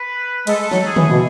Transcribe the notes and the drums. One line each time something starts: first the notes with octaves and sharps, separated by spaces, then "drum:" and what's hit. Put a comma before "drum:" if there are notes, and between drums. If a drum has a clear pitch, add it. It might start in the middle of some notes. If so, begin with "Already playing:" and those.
Already playing: B4
G#3 A4, drum: cymbal
F#3, drum: snare
G#4
E3, drum: tom
B2